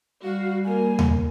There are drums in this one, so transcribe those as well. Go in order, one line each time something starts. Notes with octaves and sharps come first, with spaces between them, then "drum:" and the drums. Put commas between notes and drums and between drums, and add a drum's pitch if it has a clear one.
G3 F#4 F5
A#3 G#5
drum: tom D#2